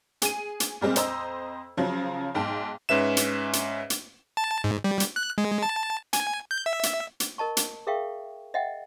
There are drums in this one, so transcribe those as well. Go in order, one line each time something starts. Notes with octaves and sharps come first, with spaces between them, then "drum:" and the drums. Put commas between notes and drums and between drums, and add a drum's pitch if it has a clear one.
G#4 D#7, drum: hi-hat
drum: hi-hat
A#2 G3 G#3 C4
F2 C5 D#5 A#5 E6, drum: hi-hat
C#3 F3 F#3
B1 G#2 G5 A5
G#2 C#4 B4 E5 E7
drum: hi-hat
drum: hi-hat
drum: hi-hat
A5
G#2
G3
drum: hi-hat
F#6
G#3
A5
G#5, drum: hi-hat
G6
E5
drum: hi-hat
drum: hi-hat
A#4 D#5 A5 C#6
drum: hi-hat
G#4 A#4 E5 F5 G5 C#6
D#5 E5 F#5 G5